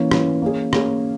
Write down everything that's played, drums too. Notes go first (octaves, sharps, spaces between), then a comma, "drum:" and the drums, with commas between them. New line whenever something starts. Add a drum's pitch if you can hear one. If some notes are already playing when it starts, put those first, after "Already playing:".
Already playing: E3 A#3 C#4
E3 A#3 C#4, drum: rim click
A#3 C#4 G#4
A#3 C#4 G#4, drum: rim click